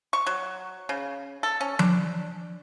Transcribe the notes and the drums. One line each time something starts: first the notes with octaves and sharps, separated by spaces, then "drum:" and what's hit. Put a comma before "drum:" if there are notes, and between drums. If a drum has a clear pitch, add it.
C#6
F#3
C#3
A4
C#4
D4, drum: tom F3